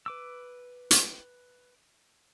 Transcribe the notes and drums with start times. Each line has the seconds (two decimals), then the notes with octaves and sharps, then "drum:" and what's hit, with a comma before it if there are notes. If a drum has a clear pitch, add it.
0.06 B4 D6 E6
0.91 drum: hi-hat